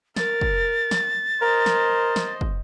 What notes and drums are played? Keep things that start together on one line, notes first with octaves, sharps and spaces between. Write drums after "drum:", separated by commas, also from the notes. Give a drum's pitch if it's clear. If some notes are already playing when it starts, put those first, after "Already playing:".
A#4 A6, drum: snare
drum: kick
drum: snare
A#4 C5 D#5
drum: snare
drum: snare
drum: kick